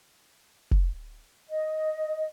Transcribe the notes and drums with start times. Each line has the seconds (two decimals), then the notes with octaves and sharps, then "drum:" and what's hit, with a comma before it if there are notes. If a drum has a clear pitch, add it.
0.71 drum: kick F1
1.49 D#5